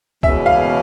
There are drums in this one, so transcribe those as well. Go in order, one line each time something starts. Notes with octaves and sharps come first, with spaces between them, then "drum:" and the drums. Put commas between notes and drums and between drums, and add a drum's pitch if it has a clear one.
E2 B2 G#3 C#4 E5, drum: kick
F5